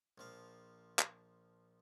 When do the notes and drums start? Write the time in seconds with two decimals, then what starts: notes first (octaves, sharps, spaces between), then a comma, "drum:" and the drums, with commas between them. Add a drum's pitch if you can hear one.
0.18 A#1 F3 F5
0.99 drum: clap